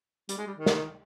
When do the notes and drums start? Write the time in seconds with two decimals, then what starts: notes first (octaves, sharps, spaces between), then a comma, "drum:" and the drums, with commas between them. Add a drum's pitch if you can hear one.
0.29 G3, drum: hi-hat
0.38 G#3
0.47 G3
0.57 D#3
0.66 drum: snare